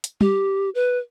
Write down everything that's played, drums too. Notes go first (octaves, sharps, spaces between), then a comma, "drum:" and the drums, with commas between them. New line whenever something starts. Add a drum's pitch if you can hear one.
drum: hi-hat
G4, drum: tom G3
B4